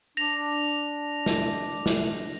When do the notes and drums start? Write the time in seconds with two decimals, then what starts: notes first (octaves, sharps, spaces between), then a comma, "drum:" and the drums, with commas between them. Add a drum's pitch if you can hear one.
0.17 D4 A#6 F7
1.26 drum: snare
1.86 drum: snare